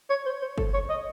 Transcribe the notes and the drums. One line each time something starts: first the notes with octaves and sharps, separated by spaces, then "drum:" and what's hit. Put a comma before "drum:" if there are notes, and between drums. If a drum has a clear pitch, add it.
C#5
C5
C5
A4, drum: kick F#1
C#5
D#5